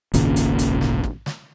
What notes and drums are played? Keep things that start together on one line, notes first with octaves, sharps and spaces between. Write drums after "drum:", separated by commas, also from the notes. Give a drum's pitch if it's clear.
D#1 G#1 A#2 C#3, drum: hi-hat
drum: hi-hat
drum: hi-hat
drum: snare
drum: kick
drum: snare